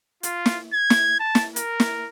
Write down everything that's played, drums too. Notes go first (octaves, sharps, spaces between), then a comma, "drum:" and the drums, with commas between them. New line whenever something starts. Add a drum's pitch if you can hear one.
F4, drum: hi-hat
drum: snare
G#6
drum: snare
A5
drum: snare
A#4, drum: hi-hat
drum: snare